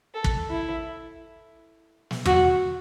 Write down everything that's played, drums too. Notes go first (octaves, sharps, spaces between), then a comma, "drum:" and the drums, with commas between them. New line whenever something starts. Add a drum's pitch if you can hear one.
A4
drum: kick
E4
drum: snare
F#4, drum: tom E2